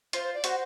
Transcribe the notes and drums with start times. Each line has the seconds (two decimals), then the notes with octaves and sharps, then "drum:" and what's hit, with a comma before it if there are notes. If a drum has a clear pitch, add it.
0.13 F4 C5, drum: hi-hat
0.23 C5
0.34 D5
0.44 F#4 C5, drum: hi-hat